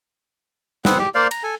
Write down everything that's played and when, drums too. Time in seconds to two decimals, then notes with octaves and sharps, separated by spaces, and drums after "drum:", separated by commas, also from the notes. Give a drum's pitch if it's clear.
0.85 B3 C4 F#5, drum: snare
0.99 G4
1.15 A#3 C5 D5 F5
1.31 A#5, drum: cymbal
1.43 A4 G#5